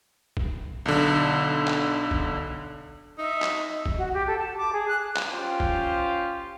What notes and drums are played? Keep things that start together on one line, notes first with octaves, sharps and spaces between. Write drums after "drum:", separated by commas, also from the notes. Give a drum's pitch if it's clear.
drum: kick
B1 D3
drum: clap
drum: kick
D#4 D#5 E5
drum: clap
drum: kick
F#4
G4
A4
A5
D6
G#4
F#6
drum: clap
C#4 F4 G4 C5
drum: kick